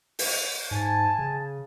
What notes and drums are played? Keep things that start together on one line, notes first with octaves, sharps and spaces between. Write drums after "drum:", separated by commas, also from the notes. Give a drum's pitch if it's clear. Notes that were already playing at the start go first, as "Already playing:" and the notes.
drum: open hi-hat
G#2 G#5 A5
C#3